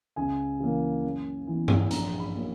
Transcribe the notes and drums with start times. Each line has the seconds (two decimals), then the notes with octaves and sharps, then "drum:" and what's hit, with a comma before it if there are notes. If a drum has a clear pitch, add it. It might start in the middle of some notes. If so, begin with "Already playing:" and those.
0.16 C#2 G#5
0.60 C#3 E3 A#3
1.04 F#2
1.47 E3 B3
1.68 drum: tom G2
1.91 A#1 A#5, drum: hi-hat
2.20 B5
2.35 F#3 A#3